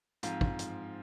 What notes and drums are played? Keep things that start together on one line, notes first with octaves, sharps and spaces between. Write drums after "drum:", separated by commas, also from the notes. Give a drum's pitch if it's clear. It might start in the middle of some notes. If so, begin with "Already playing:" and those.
G#2 F3 C4 F4, drum: hi-hat
drum: kick
drum: hi-hat